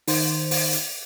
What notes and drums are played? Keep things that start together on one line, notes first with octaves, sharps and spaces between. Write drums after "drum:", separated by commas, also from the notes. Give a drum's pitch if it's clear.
D#3 C5, drum: open hi-hat
drum: open hi-hat
drum: hi-hat